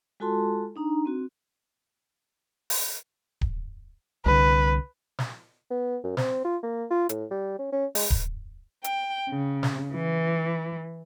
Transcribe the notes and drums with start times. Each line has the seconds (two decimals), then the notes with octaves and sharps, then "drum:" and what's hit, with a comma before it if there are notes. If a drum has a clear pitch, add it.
0.20 G#3 F4 F#4 A4 A5 C6
0.76 D4 D#4 A#5
1.06 C4 F#4
2.70 drum: open hi-hat
3.41 drum: kick D1
4.26 C2 D3 B4
5.19 drum: snare
5.71 B3
6.04 F#2
6.17 C4, drum: snare
6.45 F4
6.63 A#3
6.90 F4
7.09 A2, drum: hi-hat
7.31 G3
7.59 C#4
7.72 C#4
7.95 G#3, drum: open hi-hat
8.10 drum: kick D1
8.84 G5, drum: hi-hat
9.28 C#3
9.63 drum: snare
9.93 E3